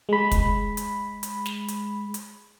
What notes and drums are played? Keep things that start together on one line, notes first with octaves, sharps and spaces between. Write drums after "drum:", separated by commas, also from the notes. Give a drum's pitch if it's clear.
G#3 B5
drum: kick, hi-hat
drum: hi-hat
drum: hi-hat
drum: snare
drum: hi-hat
drum: hi-hat